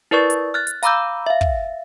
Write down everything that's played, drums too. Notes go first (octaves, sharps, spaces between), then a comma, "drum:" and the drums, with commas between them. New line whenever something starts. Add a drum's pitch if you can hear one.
E4 A#4 B4 D5 C#6 A6
drum: hi-hat
F6 F#6 A6
drum: hi-hat
F5 A#5 B5 D6 E6 G6, drum: hi-hat
E5 F5
drum: kick